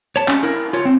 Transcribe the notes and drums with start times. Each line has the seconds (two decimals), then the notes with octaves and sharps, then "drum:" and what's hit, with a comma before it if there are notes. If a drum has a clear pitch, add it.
0.16 C#5 A5
0.28 C#4, drum: clap
0.43 E4 A#4
0.73 F4 C#5
0.85 C4